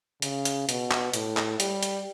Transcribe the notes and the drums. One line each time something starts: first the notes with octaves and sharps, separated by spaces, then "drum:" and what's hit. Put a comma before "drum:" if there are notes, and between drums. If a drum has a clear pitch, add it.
C#3, drum: hi-hat
drum: hi-hat
B2, drum: hi-hat
drum: clap
A2, drum: hi-hat
drum: clap
G3, drum: hi-hat
drum: hi-hat